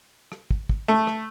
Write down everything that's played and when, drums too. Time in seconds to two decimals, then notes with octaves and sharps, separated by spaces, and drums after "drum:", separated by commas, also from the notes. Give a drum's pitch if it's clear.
0.32 drum: rim click
0.51 drum: kick
0.69 drum: kick
0.88 A3
1.07 drum: rim click